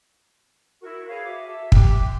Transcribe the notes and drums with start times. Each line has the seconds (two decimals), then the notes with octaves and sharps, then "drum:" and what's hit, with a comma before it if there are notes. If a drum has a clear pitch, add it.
0.81 E4 F#4 A#4 C#6
1.08 G#4 B4 C#5 F5
1.25 F#4 E5 D6
1.47 A4 E5
1.72 G4 D6 F#6, drum: kick
2.04 C6